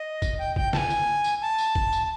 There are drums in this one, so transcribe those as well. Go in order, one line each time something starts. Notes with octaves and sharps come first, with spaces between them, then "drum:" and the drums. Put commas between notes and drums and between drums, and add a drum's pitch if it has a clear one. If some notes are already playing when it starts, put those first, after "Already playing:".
Already playing: D#5
drum: kick, tambourine
G5
G5, drum: kick
A5, drum: snare
G#5
drum: tambourine
drum: tambourine
A5
drum: tambourine
drum: kick
drum: tambourine